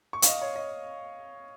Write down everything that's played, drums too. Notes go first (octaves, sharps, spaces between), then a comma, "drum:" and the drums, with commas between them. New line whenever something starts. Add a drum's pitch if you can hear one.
C#6
F5, drum: hi-hat
D#5
C#5
D#5